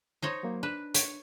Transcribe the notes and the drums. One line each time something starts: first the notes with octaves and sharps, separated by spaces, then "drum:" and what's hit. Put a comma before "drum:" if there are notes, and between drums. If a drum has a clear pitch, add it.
D#4 C5 C#5
F#3 A#3
D4 B4
C#5, drum: hi-hat